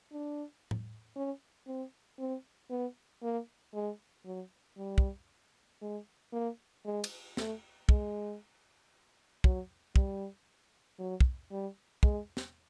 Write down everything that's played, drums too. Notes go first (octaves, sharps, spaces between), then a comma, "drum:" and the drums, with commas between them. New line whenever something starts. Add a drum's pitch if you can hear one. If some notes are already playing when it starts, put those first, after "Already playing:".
D4
drum: tom A2
C#4
C4
C4
B3
A#3
G#3
F#3
G3
drum: kick
G#3
A#3
G#3
drum: cymbal
A3, drum: snare
G#3, drum: kick
F#3, drum: kick
G3, drum: kick
F#3
drum: kick
G3
G#3, drum: kick
drum: snare